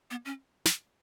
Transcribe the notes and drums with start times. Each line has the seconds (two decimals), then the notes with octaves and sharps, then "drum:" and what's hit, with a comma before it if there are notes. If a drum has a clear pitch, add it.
0.11 B3
0.25 C#4
0.65 drum: snare